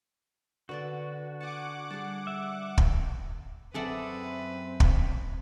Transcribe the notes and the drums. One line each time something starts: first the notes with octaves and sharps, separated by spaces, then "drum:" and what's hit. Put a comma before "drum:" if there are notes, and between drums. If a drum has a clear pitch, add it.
D3 D4 F#4 B4 D5
F#5 G#5 A5 D6 C#7
G3 G#4 A5
E5
drum: kick
F#2 C4 G#4 A4 B4 D5 E5 F#5
drum: kick